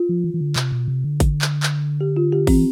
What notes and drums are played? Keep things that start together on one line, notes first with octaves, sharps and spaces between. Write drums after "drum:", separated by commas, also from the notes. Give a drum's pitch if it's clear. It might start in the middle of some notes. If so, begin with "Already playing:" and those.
Already playing: F4
F3
E3
E3
D3
C3, drum: clap
B2
C3
D3
drum: kick G#1, hi-hat
drum: clap
drum: clap
G4
F4
G4
E3 C4, drum: kick G#1, open hi-hat